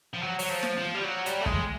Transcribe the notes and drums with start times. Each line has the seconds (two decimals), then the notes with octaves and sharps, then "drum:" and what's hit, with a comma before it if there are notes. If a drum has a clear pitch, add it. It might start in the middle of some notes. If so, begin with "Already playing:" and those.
0.14 F3
0.21 F#3
0.39 F#3, drum: open hi-hat
0.49 F3
0.63 drum: snare
0.77 F3
0.94 G3
1.04 F#3
1.26 G3, drum: hi-hat
1.41 A3
1.46 G#3, drum: kick